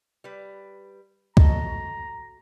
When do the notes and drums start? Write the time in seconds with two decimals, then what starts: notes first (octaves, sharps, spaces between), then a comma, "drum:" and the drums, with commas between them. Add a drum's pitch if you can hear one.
0.24 G3 B4
1.37 F#4 A4 D#5 A#5, drum: kick D2